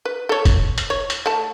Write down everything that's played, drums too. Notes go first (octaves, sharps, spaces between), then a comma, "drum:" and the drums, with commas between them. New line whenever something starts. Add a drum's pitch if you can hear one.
B4
A4 C#5
drum: kick, hi-hat
drum: hi-hat
C#5
drum: hi-hat
A3 A5